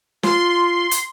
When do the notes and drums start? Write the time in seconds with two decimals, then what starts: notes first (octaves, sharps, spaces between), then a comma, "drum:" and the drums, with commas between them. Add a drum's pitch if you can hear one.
0.23 F4 C6, drum: snare
0.91 drum: hi-hat